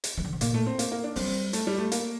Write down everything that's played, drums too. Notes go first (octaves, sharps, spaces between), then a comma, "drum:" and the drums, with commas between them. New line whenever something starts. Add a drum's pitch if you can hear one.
drum: hi-hat
E3
D3
C3
A#2 A#3, drum: hi-hat
A3
C4
A#3, drum: hi-hat
A#3
D4
G3 C4, drum: open hi-hat
A3, drum: hi-hat
G3
A3
A#3, drum: hi-hat